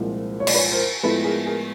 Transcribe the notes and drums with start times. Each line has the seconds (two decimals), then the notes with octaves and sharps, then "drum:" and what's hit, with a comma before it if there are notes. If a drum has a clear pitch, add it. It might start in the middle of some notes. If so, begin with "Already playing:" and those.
Already playing: C2 A#2 F3 G#3 C4
0.40 C#5
0.47 D5, drum: cymbal
0.54 B4 C#5
0.71 A#4 C5
1.03 A2 F3 G#3 B3 E4 A4 B4
1.24 G#4 A#4
1.46 G#4 A#4